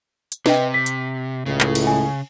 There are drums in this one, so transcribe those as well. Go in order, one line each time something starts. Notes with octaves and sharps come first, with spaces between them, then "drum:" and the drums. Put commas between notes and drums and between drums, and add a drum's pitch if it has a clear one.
drum: hi-hat
C3 B4 D#5 G5, drum: snare
B6
drum: hi-hat
C#2 A2 C#3
drum: clap
drum: cymbal
G#5